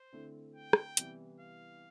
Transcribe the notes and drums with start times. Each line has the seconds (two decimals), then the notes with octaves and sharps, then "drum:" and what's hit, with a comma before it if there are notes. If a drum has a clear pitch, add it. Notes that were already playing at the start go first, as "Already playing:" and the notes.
Already playing: C5
0.13 D3 A3 C4 E4
0.55 G5
0.73 drum: rim click
0.97 C3 E3 G3 B3 E4, drum: hi-hat
1.40 F5